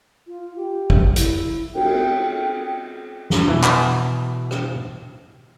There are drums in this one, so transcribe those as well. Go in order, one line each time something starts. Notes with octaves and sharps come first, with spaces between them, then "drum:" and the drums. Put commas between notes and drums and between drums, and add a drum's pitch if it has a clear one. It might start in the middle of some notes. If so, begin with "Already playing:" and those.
F4
G4
drum: kick
E4, drum: hi-hat
G5, drum: cymbal
drum: snare
B2 E3
drum: clap
drum: rim click